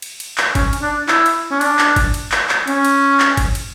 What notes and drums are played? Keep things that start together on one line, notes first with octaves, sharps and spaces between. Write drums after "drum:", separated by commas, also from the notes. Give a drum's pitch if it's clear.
drum: cymbal
drum: cymbal
drum: clap
C#4, drum: kick G1, cymbal
drum: cymbal
D4
E4, drum: clap
drum: cymbal
C#4
D4, drum: cymbal
drum: clap
drum: kick G1, cymbal
drum: cymbal
drum: clap
drum: clap
C#4, drum: cymbal
drum: cymbal
drum: clap
drum: kick G1, cymbal
drum: cymbal